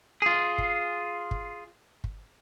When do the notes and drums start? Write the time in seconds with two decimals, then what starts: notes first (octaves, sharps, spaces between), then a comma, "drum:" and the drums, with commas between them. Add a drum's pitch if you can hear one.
0.22 F4 G#4
0.58 drum: kick
1.31 drum: kick
2.04 drum: kick